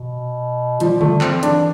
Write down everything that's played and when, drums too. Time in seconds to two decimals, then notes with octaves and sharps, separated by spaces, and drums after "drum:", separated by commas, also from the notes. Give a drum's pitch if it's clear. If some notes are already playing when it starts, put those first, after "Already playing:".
Already playing: B2
0.80 F3 G3, drum: hi-hat
1.01 A3, drum: tom C#3
1.08 G3
1.21 C4, drum: clap
1.30 F3
1.35 E3
1.43 D4, drum: hi-hat